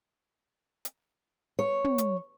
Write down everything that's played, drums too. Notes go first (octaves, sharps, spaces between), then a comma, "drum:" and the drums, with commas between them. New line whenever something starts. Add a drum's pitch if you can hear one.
drum: hi-hat
C#5
drum: tom
drum: hi-hat